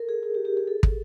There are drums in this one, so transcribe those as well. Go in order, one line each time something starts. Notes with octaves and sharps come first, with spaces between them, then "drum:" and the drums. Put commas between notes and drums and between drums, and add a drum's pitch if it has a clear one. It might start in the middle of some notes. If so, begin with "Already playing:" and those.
Already playing: A4 A#4
G#4
G#4
G4
G4
G#4
A4
drum: kick